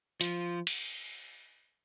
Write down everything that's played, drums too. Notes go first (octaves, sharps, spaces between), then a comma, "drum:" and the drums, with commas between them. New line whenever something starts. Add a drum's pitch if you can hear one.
F3, drum: hi-hat
drum: cymbal